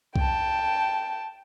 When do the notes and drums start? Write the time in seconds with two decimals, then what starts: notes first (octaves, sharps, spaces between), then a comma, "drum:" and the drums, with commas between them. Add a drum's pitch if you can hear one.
0.16 G5 A5, drum: kick C2